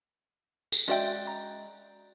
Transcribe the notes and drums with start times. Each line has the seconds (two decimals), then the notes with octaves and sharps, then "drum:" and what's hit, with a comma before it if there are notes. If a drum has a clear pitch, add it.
0.72 drum: tambourine
0.88 G#3 C#4 F#4 D5 E5 G5
1.27 A#5